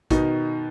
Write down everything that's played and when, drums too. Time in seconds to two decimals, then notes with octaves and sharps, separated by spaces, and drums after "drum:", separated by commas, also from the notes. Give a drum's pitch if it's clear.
0.10 B2 D#3 D#4, drum: kick A1, hi-hat